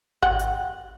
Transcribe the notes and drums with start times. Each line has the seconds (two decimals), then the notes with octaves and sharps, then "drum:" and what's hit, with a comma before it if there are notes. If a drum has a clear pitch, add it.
0.22 F#5 G5, drum: kick G#1
0.39 drum: hi-hat